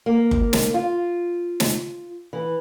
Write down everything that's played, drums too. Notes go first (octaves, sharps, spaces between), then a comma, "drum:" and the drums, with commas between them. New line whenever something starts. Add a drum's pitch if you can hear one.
A#3
drum: kick F#1
drum: snare
F4
drum: snare
E3